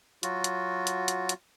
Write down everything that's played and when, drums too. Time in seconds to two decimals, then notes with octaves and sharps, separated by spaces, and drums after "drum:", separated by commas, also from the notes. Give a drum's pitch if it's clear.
0.23 F#3 F4 F#4, drum: hi-hat
0.44 drum: hi-hat
0.87 drum: hi-hat
1.08 drum: hi-hat
1.29 drum: hi-hat